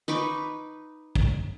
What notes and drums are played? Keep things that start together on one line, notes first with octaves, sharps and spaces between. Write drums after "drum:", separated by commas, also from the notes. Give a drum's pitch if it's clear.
D#4 B4 C#6 D6
drum: kick